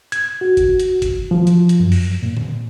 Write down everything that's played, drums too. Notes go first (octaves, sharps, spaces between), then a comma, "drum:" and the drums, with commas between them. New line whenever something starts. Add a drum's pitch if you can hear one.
G#6, drum: hi-hat
F#4
drum: kick G1, hi-hat
drum: hi-hat
drum: kick G1, hi-hat
F3
drum: hi-hat
drum: hi-hat
F#2
drum: open hi-hat
A#2
drum: tom D3